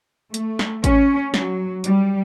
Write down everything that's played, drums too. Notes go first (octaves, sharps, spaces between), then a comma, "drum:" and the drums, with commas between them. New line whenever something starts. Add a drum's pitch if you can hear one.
A3, drum: hi-hat
drum: snare
C#4, drum: kick G#1, hi-hat
F#3, drum: snare
G3, drum: hi-hat